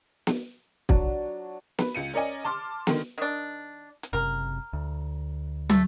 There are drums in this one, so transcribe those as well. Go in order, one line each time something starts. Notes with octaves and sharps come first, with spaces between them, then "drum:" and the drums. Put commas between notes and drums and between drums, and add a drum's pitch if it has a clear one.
drum: snare
F#3 D4 F#4, drum: kick
B4, drum: snare
C#2 C#7 D#7
C#4 A#4 D5 D#5 G#5
A5 C6 D6 F6
D3 D#3, drum: snare
D#3 D4
drum: hi-hat
F#1 C3 A#4
D2
A3, drum: tom